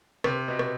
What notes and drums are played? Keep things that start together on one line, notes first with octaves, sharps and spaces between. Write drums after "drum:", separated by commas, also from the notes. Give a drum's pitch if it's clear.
C3, drum: rim click
B2
drum: rim click